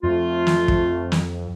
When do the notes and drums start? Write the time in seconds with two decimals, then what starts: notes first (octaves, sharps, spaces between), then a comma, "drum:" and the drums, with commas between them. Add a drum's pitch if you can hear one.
0.03 F2 A3 F4
0.47 drum: snare
0.68 drum: kick
1.12 drum: snare